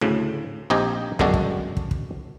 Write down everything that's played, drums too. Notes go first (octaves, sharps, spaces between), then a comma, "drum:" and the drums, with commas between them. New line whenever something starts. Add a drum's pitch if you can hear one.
D2 A2 C#3
A#1 C4 D#4 G4 D#5 G#5
G1 F#2 D3 G#3 D4 F#4, drum: kick
drum: kick
drum: kick
drum: kick